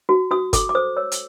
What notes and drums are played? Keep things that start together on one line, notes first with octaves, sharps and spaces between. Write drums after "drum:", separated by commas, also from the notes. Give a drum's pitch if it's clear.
F#4
F#4 D#6
A4 D6, drum: kick G1, hi-hat
D6
C5 D#6
C#5 E6
drum: hi-hat